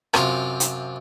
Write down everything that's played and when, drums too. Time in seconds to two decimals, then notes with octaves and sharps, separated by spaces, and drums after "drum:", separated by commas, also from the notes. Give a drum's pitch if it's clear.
0.14 F#2 C3 F4, drum: rim click
0.60 drum: hi-hat